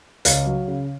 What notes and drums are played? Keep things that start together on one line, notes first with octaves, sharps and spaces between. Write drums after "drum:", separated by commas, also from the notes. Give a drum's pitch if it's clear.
C#2 C#5 F5, drum: hi-hat
F#3
C#3